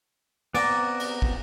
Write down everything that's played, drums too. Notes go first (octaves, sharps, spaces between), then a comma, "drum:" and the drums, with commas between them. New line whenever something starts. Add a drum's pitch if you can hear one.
B3 C4 D5 A#5, drum: cymbal
drum: cymbal
drum: kick